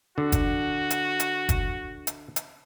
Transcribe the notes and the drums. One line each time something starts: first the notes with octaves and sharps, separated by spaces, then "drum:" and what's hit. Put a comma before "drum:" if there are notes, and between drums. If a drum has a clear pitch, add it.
D3 F#4
drum: kick F#1, hi-hat
drum: hi-hat
drum: hi-hat
drum: kick F#1, hi-hat
drum: hi-hat
drum: hi-hat